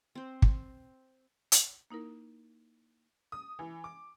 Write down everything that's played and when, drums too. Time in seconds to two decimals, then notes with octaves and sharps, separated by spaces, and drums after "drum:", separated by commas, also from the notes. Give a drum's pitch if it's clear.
0.15 C4 C5
0.42 drum: kick
1.52 drum: hi-hat
1.90 A#3 D#4 E4 A#4
3.32 D#6
3.59 E3
3.84 D6